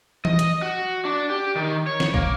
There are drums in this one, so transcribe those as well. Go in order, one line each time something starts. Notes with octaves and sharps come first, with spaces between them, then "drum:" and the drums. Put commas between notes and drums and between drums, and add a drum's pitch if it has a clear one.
D#5, drum: tom E3
drum: hi-hat
F#4
D4
G4
D#3
C#5
drum: snare
A#3, drum: kick